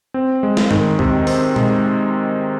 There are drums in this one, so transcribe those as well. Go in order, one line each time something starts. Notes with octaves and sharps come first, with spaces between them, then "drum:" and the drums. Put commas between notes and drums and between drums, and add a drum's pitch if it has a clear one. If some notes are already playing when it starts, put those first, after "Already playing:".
C4
G#3
drum: snare
D#3, drum: tom
C3, drum: kick C#2
C4, drum: open hi-hat
G#3, drum: tom